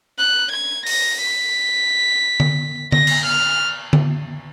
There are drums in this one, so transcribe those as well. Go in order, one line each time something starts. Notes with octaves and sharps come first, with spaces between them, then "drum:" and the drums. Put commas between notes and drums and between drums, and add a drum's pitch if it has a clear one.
F#6
G#6
A#6, drum: open hi-hat
B6
drum: tom D3
A#6, drum: tom D3
drum: cymbal
F6
drum: tom D3